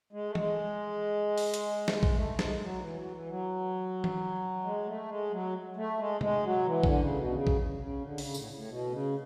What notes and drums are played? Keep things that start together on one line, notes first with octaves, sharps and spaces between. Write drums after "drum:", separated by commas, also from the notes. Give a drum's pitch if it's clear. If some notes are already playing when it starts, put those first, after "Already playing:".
G#3
A3
G#3, drum: tom E3
drum: open hi-hat
drum: hi-hat
A3, drum: snare
G#3
drum: kick
A3
G#3, drum: snare
F#3
E3
F#3
E3
F#3
drum: tom E3
G#3
A3
G#3
F#3
A3
G#3
G#3, drum: tom C3
F#3
E3
D3, drum: kick
C#3
B2
D3
C#3
drum: kick
C#3
D3
C#3, drum: open hi-hat
A2, drum: tambourine
A2
B2
C#3